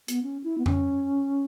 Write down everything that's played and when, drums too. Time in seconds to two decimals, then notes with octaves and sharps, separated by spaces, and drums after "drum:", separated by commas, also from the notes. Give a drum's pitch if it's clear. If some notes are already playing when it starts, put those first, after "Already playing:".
0.08 B3, drum: hi-hat
0.23 C#4
0.44 E4
0.58 B3
0.66 C#4, drum: tom F2